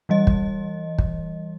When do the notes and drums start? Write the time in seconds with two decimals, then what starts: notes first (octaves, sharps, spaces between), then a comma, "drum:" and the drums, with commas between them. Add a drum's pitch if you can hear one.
0.09 E3 G3 D#5
0.27 drum: kick
0.98 drum: kick